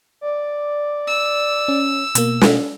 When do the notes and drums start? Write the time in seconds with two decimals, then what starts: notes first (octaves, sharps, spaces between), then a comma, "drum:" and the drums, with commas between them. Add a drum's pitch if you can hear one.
0.21 D5
1.07 E6
1.68 C#4
2.15 B2 A#3, drum: hi-hat
2.41 drum: snare